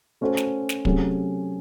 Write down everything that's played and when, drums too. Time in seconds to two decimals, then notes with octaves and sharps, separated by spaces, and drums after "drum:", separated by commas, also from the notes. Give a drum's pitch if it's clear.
0.21 A3 C#4 F#4 A4 C5
0.37 drum: snare
0.69 drum: snare
0.85 C3 F#3 A3 C#4 G#4, drum: kick